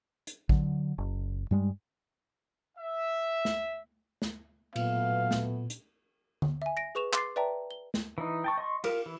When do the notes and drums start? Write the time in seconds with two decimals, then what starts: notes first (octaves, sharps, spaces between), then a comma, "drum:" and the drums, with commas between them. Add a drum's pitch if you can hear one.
0.27 drum: hi-hat
0.49 D3 F#3, drum: kick
0.98 F#1
1.51 G2 G3 G#3
2.78 E5
3.45 drum: snare
4.22 drum: snare
4.76 A#2 F#3 A3 B3 F5, drum: cymbal
5.31 drum: snare
5.70 drum: hi-hat
6.42 drum: tom D3
6.62 E5 G#5
6.77 A#6 D7
6.95 G#4 B4 C#6 E7 F7
7.13 C6 D6 A6 C7, drum: clap
7.36 B4 D5 E5 G5 A5 A#5
7.71 G7
7.94 drum: snare
8.18 E3 D#4
8.44 G5 A5 C#6
8.58 D#5 C6 C#6
8.84 F4 G4 A#4, drum: cymbal
9.06 E3